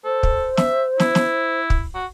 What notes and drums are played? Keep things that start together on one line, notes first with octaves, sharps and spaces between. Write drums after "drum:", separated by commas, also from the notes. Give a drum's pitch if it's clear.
A4 C5
drum: kick
E5, drum: snare
E4, drum: snare
drum: snare
drum: kick
F#4